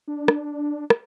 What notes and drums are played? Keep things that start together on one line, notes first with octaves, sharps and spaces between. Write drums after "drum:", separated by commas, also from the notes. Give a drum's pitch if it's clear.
D4
drum: rim click
drum: rim click